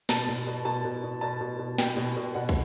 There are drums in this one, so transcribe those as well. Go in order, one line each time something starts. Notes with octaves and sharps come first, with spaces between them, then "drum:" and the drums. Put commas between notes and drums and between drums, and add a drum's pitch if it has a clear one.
B2 A5, drum: snare
B2
B2
B2 A5
B2
B2
B2 A5
B2
B2
B2 G5, drum: snare
B2
B2
B2 F#5
drum: kick, cymbal